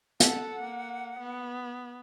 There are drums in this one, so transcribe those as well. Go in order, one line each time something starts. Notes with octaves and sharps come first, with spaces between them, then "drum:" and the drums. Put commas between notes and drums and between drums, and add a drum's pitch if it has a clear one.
A4 F#5, drum: hi-hat
A#3
B3